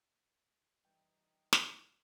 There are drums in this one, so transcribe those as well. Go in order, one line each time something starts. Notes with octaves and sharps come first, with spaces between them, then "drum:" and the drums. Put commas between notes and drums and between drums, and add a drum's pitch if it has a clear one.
E2 G2 D#4 G5
drum: snare